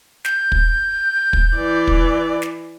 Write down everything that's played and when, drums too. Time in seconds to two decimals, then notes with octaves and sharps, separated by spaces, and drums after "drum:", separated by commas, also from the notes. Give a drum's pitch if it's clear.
0.25 G6, drum: snare
0.52 drum: kick
1.33 drum: kick
1.56 E3 D5
1.87 drum: kick
2.42 drum: snare